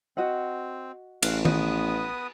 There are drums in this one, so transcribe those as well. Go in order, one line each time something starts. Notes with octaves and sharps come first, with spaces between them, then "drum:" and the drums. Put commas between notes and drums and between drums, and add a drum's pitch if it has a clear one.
C4 F#4 D#5 F#5
A1 F5 F#6, drum: cymbal
B3 B4 D#6, drum: tom D#3